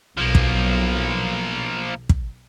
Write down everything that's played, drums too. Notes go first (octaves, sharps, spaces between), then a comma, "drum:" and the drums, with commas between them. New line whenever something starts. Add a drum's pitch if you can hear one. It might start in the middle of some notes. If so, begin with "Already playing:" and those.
B1 F3 A#3
drum: kick
drum: kick